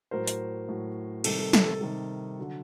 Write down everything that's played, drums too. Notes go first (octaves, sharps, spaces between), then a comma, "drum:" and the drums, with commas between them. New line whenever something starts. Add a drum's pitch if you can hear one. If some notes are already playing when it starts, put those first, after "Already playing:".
A2 F#3 A#4 C5
drum: hi-hat
A2 F#3
C3 D#3 G3 A4, drum: cymbal
A4
A4, drum: snare
A4
C3 D#3 G3 A4
D3 F#3